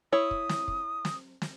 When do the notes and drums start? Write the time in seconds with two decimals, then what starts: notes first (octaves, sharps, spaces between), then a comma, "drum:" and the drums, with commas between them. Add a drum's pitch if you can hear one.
0.13 E4 C#5 D#6
0.31 drum: kick
0.49 drum: snare
0.68 drum: kick
1.05 drum: snare
1.42 drum: snare